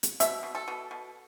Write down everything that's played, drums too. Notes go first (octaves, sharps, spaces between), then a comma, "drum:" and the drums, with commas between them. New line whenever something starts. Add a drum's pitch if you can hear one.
drum: hi-hat
B2 E5, drum: hi-hat
B2
A4
B2
B2